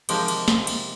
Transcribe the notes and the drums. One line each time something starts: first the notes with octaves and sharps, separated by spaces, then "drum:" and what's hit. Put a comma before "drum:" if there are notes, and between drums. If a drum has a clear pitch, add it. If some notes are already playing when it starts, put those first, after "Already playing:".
C3 D#3 F3 G#3 A#3 G4, drum: cymbal
drum: cymbal
drum: snare
drum: cymbal